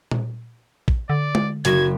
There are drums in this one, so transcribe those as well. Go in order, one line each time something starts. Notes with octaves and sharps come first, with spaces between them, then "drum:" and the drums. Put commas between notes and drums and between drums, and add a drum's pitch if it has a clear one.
drum: tom A#2
drum: kick
D3 D5
drum: tom G#3
F#1 F#4 G#6, drum: hi-hat